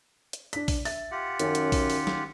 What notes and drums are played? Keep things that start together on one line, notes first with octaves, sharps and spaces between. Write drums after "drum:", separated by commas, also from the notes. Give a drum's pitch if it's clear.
drum: hi-hat
D4 B6, drum: hi-hat
drum: kick A#1, open hi-hat
E5 A6, drum: open hi-hat
F4 G4 F#5
F#2 D#3 C#4, drum: hi-hat
drum: hi-hat
drum: kick A#1, open hi-hat
drum: open hi-hat
drum: snare